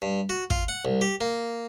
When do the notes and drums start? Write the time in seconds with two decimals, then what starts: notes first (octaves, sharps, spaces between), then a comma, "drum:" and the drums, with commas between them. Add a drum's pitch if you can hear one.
0.02 G2
0.29 F#4
0.50 F4, drum: kick
0.68 F#5
0.85 C2
1.01 G4
1.21 A#3